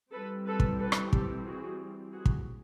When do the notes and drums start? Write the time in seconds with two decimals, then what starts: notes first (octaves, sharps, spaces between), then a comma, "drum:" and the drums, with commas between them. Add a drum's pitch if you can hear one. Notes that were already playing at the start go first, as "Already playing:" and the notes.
0.12 E3 G3 C4 A4 B4
0.46 A4 B4
0.60 drum: kick
0.79 A4 B4
0.92 drum: rim click
1.13 G4 A4, drum: kick
1.45 F#4 G#4
2.12 F#4 G#4
2.25 drum: kick